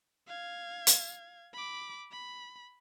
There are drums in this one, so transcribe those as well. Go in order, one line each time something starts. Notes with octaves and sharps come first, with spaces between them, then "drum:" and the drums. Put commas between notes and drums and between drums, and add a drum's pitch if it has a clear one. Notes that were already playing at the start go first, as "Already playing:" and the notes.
F5 G#6
drum: hi-hat
B5 D6
B5